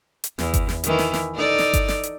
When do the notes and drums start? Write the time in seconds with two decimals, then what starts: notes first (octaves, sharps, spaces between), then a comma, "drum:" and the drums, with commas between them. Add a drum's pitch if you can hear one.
0.24 drum: hi-hat
0.38 E2, drum: snare
0.54 drum: kick G1, hi-hat
0.69 drum: snare
0.84 D#3 E3, drum: hi-hat
0.99 drum: snare
1.14 drum: snare
1.35 D#4 A4 D5
1.59 drum: snare
1.73 drum: kick G1, hi-hat
1.88 drum: snare
2.03 drum: hi-hat